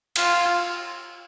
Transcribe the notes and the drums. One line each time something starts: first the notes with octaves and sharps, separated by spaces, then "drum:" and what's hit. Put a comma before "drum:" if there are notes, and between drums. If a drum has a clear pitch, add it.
F4, drum: cymbal